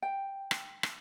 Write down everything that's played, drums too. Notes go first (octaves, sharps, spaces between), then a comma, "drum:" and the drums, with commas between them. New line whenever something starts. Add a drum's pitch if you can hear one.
G5
drum: rim click
drum: rim click